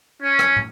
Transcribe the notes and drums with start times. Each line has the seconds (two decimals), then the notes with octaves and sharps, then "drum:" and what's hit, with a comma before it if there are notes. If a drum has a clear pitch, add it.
0.21 C#4
0.39 drum: rim click
0.56 drum: tom